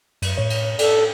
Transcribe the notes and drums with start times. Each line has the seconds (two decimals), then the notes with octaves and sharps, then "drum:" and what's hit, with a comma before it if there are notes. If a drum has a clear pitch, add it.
0.22 F#2, drum: cymbal
0.37 A2 C#5
0.50 drum: cymbal
0.79 A4 D5, drum: cymbal